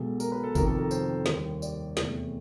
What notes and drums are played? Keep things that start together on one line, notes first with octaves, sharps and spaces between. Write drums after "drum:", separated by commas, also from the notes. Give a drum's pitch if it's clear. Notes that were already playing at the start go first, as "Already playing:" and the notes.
Already playing: B1 B2 G#3 A4
A#4, drum: tambourine
B4
A4
F2 C3 D#3 A#4, drum: kick G#1, tambourine
A4
A#4
C5, drum: tambourine
D#2 D#3 G3, drum: snare
D5, drum: tambourine
E2 C3 E3 A3 C4, drum: snare